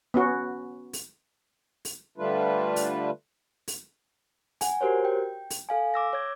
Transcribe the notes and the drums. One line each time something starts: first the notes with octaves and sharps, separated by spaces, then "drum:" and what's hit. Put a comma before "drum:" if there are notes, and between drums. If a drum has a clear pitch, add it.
B3 C#4 F#4
drum: open hi-hat
drum: open hi-hat
D3 G3 A3 D4 F4 B4
drum: open hi-hat
drum: open hi-hat
F#5 G#5, drum: open hi-hat
F#4 G4 A#4 C5 C#5
G5
drum: open hi-hat
A4 F5 G#5
D6 E6 A#6
C#5 G#6